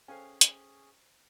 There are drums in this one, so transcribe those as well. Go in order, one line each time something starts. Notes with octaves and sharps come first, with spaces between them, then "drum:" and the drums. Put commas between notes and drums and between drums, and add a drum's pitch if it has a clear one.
C#4 G#4 A4 C5 D5 F5 G5 G#5
drum: hi-hat